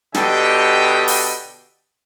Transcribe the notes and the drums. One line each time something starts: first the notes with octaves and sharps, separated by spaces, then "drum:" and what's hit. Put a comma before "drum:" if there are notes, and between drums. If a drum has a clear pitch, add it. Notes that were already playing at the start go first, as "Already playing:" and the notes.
B2 D3 G4 A4 D#5 G5, drum: snare
drum: open hi-hat